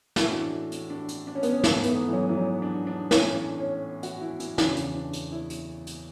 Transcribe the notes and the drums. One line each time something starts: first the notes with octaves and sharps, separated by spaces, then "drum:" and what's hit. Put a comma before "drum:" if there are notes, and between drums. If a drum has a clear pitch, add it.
A2 E3 F#4, drum: snare
E4
D4
E4
drum: hi-hat
D4
drum: hi-hat
D4
C#4
B3, drum: hi-hat
C#4
G#2 E3 B3, drum: snare
B3, drum: hi-hat
A3
E3
F#3
E3
F#3
D4
D4
A2 E3 C#4, drum: snare
D4
C#4
F#4, drum: hi-hat
E4
E4, drum: hi-hat
E2 C#3 E3 D4, drum: snare
drum: hi-hat
D4
drum: hi-hat
E4
drum: hi-hat
drum: hi-hat